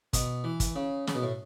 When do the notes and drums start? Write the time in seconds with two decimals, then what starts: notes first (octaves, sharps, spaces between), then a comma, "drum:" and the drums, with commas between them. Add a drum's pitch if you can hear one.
0.13 B2, drum: kick, hi-hat
0.44 E3
0.60 drum: kick, hi-hat
0.76 C#3
1.07 C#3, drum: snare
1.14 B2
1.23 A2